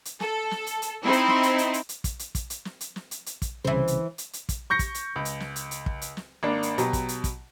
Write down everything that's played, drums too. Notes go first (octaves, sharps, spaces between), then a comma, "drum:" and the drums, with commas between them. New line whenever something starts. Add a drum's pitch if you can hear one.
drum: hi-hat
A4, drum: snare
drum: snare
drum: hi-hat
drum: hi-hat
C4 D#4 E4
drum: hi-hat
drum: snare
drum: hi-hat
drum: hi-hat
drum: hi-hat
drum: hi-hat
drum: kick, hi-hat
drum: hi-hat
drum: kick, hi-hat
drum: hi-hat
drum: snare
drum: hi-hat
drum: snare
drum: hi-hat
drum: hi-hat
drum: kick, hi-hat
C2 C#3 E3 C5
drum: hi-hat
drum: hi-hat
drum: hi-hat
drum: kick, hi-hat
C#6 G6 A#6 C#7
drum: kick, hi-hat
drum: hi-hat
C#2
drum: hi-hat
drum: snare
drum: hi-hat
drum: hi-hat
drum: kick
drum: hi-hat
drum: snare
G#1 A#3 D4
drum: hi-hat
B2 F#3 G4, drum: hi-hat
drum: kick, hi-hat
drum: hi-hat
drum: kick, hi-hat